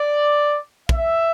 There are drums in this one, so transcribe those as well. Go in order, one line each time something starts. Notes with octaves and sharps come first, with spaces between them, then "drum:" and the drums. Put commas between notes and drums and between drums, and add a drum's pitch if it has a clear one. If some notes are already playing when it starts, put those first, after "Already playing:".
Already playing: D5
E5, drum: kick